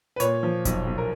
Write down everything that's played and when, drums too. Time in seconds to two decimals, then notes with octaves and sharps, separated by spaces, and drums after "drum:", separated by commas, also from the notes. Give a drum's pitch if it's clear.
0.16 B4
0.20 A#2 C#5, drum: hi-hat
0.43 F3
0.65 B1, drum: kick F1, hi-hat
0.87 B1
0.98 A#4